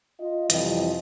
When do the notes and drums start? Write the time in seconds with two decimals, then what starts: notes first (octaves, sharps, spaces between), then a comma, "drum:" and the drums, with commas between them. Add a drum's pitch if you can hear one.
0.20 F4 D#5
0.50 F2 C3 E3 G3 C4 D#5, drum: hi-hat